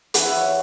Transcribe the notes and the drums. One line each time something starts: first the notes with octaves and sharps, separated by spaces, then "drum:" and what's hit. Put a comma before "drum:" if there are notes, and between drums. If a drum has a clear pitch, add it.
E3 F#5, drum: hi-hat
E5
C#5